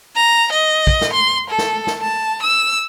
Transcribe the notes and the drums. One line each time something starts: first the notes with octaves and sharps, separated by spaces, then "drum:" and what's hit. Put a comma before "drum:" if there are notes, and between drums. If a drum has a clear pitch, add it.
A#5
D#5
drum: kick
drum: snare
C6
A4
drum: snare
drum: snare
A5
E6